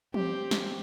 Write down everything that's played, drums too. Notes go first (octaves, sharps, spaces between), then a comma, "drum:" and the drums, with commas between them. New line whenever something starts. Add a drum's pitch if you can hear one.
C4 G4, drum: tom
drum: snare